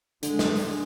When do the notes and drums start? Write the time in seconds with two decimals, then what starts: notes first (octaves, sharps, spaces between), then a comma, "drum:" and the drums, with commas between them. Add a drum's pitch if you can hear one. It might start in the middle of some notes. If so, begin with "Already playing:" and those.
0.23 D3 G#3, drum: hi-hat
0.39 drum: snare
0.56 drum: open hi-hat